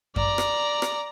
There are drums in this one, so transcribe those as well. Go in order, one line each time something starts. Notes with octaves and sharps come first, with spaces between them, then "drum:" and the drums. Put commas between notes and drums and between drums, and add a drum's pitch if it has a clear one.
D5 A#5, drum: kick F#2
drum: rim click
drum: rim click